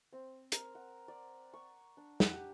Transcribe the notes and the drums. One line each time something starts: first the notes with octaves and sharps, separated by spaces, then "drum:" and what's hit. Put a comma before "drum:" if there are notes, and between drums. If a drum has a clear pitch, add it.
C4
A#4, drum: hi-hat
F#5
D5
C#6
D4
F#5, drum: snare
G4